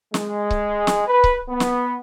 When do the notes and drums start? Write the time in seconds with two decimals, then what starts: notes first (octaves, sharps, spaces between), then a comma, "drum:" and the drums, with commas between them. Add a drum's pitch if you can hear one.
0.14 G#3, drum: snare
0.51 drum: kick C#1
0.87 drum: snare
1.08 B4
1.24 drum: kick C#1
1.49 B3
1.60 drum: snare